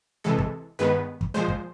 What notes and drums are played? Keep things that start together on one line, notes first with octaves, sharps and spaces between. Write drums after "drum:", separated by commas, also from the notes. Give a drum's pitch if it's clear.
C3 E3 G#3 A4
drum: kick
G2 D#3 G#3 B3 B4
drum: kick
A#2 F3 G#3 C5
drum: kick